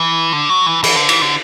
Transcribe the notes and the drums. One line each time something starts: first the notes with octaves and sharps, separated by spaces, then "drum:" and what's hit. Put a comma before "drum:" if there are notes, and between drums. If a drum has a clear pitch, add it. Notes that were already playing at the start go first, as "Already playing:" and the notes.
Already playing: E3
D3
F#3
E3
E3, drum: cymbal
D3
E3, drum: cymbal
D3